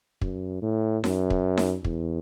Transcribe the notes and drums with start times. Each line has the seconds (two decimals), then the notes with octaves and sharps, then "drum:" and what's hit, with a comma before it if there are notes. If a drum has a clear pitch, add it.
0.22 F#2, drum: kick
0.62 A2
1.04 F#2, drum: snare D#4
1.30 drum: kick
1.57 drum: snare D#4
1.85 E2, drum: kick